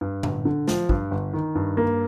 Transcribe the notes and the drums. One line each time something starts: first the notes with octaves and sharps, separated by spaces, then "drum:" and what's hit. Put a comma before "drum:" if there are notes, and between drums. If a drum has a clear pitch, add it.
G2
G1, drum: tom A2
D3
F3, drum: snare
G2, drum: kick
G1
D#3
G2
A#3